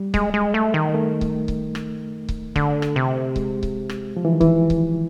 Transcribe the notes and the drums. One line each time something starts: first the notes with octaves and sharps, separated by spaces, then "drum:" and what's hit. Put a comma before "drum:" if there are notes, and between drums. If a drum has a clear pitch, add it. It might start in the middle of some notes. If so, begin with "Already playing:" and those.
Already playing: G3
G#3, drum: kick C#1
G#3
A3
D#3
A3
drum: kick C#1
drum: kick C#1
drum: rim click
drum: kick C#1
D3, drum: kick C#1
drum: rim click
C3
G#3, drum: kick C#1
drum: kick C#1
drum: rim click
F3
E3
D#3
E3, drum: kick C#1
drum: kick C#1